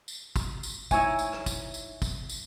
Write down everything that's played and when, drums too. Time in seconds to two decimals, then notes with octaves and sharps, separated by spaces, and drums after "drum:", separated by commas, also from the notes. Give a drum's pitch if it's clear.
0.08 drum: tambourine
0.36 drum: kick, tambourine
0.63 drum: tambourine
0.91 D#4 E4 C#5 G#5, drum: kick, tambourine
1.19 drum: tambourine
1.33 drum: rim click
1.46 drum: kick, tambourine
1.74 drum: tambourine
2.02 drum: kick, tambourine
2.29 drum: tambourine